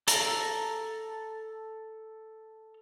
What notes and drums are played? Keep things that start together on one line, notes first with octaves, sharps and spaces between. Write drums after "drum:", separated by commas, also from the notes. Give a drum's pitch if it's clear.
A4 A#5, drum: hi-hat